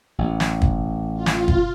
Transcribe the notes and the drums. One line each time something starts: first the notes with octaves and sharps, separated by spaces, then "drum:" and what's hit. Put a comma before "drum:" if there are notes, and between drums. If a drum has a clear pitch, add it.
A1
drum: snare
drum: kick
F4
drum: snare
drum: kick